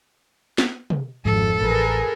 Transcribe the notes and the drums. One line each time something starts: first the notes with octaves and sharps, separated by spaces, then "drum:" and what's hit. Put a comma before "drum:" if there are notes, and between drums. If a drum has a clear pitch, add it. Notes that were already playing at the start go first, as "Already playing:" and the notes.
drum: snare
drum: tom
G#1 F2 G#2 F3 A4
A1 G#4 A#4 B4